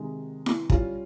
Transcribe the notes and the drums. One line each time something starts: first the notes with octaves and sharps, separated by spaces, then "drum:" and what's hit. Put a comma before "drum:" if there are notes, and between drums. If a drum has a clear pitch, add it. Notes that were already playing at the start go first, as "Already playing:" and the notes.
Already playing: C3 D#3 G#3
drum: snare E4
G3 C#4 F4, drum: kick